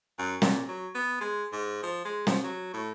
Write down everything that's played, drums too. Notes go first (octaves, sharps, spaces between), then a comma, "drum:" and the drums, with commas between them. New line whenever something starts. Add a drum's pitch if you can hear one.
F#2
A#2, drum: snare
F#3
B3
G#3
G#2
F3
G#3
F3, drum: snare
F#3
A2